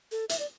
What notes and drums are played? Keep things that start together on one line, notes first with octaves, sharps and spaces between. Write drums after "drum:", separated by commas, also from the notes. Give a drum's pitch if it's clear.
A4
E5, drum: hi-hat
D5